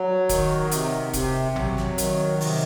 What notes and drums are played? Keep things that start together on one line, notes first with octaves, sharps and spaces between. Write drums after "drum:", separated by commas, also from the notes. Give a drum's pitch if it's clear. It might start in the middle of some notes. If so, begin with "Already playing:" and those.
Already playing: F#3
D#3, drum: kick E1, hi-hat
C3, drum: hi-hat
C3, drum: kick E1, hi-hat
F#3, drum: tom A1
drum: snare
D#3, drum: hi-hat
C3, drum: open hi-hat